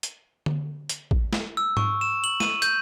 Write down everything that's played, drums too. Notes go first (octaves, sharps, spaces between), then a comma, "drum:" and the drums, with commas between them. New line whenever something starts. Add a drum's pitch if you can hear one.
drum: hi-hat
drum: tom D3
drum: hi-hat
drum: kick A1
drum: snare
E6
C#6, drum: tom G#2
E7
F#7
D#7, drum: snare
G6, drum: hi-hat